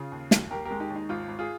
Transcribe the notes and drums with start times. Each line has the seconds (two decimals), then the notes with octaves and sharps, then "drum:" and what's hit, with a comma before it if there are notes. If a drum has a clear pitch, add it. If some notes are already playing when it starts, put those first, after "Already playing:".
Already playing: C#3 F4 G#4
0.12 D#2
0.31 D#2, drum: snare
0.51 D#2 G4 A#4
0.65 G4 A#4
0.71 G#3
0.80 D#4 G4
0.90 D#2
0.96 D#4
1.09 G#1 F4
1.28 G#1
1.39 F4 G#4